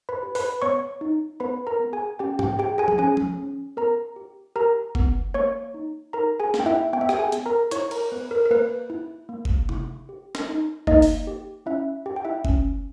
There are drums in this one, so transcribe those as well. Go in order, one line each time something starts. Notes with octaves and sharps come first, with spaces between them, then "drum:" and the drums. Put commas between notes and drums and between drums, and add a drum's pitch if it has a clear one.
B4 B5
G4
B4 B5, drum: open hi-hat
B3 C#5 C#6
D#4
B3 B4 B5
A#4 A#5
B3
G#4 G#5
C#4 G4 G5
G4 G5, drum: tom G#2
G4 G#4 G5
G#4 G#5
drum: tom
C#4 G#4 G#5
drum: tom
C#4
B3 A#4 A#5
G4
G4 A#4 A#5
B3, drum: kick F#1
A#3 C#5 C#6
D#4
D#4 A#4 A#5
G#4 G#5
A#3, drum: snare
G5
E4 E5
B3 G5
E5
G4 G5, drum: rim click
G#4 G#5
B3, drum: hi-hat
A#4 A#5
E4 C#5 C#6, drum: hi-hat
A#4 A#5, drum: cymbal
B3 B4
A#4
A#4
A#3 B4
E4
A#3
drum: kick F#1
E4, drum: tom C3
G4
drum: snare
D#4
A#3 D#4 D#5, drum: kick F#1
drum: open hi-hat
G4
C#4 E4 E5
G4 G5
G5
E4 E5
C#4, drum: kick F#1